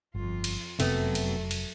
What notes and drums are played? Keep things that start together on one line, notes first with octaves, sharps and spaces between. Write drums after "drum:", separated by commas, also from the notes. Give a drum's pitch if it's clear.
G1 F2 F4
drum: cymbal
F1 F#2 C3 F#3 A3 B3, drum: cymbal
drum: cymbal
drum: cymbal